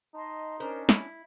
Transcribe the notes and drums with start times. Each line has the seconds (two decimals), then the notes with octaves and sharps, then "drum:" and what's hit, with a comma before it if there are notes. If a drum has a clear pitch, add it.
0.15 D#4 D#5 A5 C6
0.60 C#4 D4 A#4 C5
0.89 E4, drum: snare